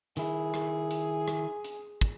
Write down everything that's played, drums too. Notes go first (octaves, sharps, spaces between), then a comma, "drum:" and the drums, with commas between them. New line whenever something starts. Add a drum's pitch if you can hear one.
D#3 E4 G#4, drum: hi-hat
drum: rim click
drum: hi-hat
drum: rim click
drum: hi-hat
drum: kick, hi-hat